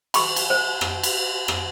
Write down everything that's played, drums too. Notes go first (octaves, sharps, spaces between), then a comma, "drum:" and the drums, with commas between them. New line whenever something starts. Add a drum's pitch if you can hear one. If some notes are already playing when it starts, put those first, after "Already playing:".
B5 C#6, drum: cymbal
drum: cymbal
C5
drum: rim click
drum: cymbal
drum: rim click